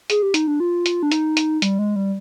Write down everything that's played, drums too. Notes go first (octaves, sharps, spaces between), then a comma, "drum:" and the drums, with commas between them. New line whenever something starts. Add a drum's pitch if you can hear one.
G#4, drum: hi-hat
G4
D#4, drum: hi-hat
D4
F4
drum: hi-hat
D4
D#4, drum: hi-hat
drum: hi-hat
G3, drum: hi-hat
G#3
G3